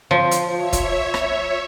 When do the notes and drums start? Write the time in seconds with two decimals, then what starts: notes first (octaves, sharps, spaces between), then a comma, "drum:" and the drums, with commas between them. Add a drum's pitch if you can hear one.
0.11 F3
0.31 drum: hi-hat
0.55 C#5 E5
0.73 drum: kick, hi-hat
1.14 drum: rim click